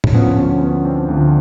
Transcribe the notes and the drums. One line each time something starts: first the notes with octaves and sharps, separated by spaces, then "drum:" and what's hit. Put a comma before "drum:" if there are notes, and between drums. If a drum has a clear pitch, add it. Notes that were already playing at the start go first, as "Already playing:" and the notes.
drum: tom
D2 D3 F3 B3 C#4
B3 C#4
B3 C#4
C4 D4
D2 D3 F3